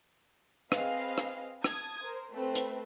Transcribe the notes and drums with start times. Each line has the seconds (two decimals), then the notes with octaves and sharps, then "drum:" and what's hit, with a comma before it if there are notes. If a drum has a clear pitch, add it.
0.72 C4 G#4 B4 D#5 F5, drum: rim click
1.18 drum: rim click
1.64 A5 D#6 G#6, drum: rim click
2.02 A#4 C5
2.31 A3 C4 B4
2.55 drum: hi-hat